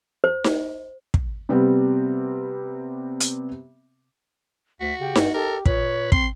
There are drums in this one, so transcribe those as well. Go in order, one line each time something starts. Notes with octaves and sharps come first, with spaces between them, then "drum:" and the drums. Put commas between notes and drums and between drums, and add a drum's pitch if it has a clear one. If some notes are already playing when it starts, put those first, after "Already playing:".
C5
drum: snare D#4
drum: kick
C3 G3 B3 C4
drum: hi-hat
D2 F#4 B6
C#3 G4
G2, drum: snare D#4
G4 A4 A#4
A#2 B4 C#5, drum: kick
C4 C6, drum: kick